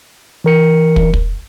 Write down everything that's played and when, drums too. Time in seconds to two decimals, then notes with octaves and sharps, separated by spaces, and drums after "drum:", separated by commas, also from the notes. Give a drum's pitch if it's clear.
0.44 E3 A#4 C#7
0.96 drum: kick
1.14 drum: kick